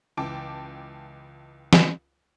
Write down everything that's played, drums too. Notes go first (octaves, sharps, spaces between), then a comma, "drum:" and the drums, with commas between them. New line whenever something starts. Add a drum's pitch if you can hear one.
C#2 E3 G5 A5 D6
drum: snare